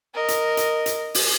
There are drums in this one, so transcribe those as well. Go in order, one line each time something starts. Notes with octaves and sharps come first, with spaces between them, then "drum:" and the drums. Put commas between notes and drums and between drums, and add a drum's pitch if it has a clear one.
A#4 D#5
drum: hi-hat
drum: hi-hat
drum: hi-hat
drum: open hi-hat